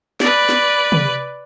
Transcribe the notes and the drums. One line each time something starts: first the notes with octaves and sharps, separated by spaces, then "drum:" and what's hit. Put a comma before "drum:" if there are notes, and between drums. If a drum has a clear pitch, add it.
B4 D5, drum: snare
drum: snare
drum: tom